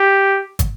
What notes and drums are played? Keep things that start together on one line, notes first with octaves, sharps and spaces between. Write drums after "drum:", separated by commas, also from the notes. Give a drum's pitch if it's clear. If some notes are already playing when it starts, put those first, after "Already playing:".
Already playing: G4
drum: kick, hi-hat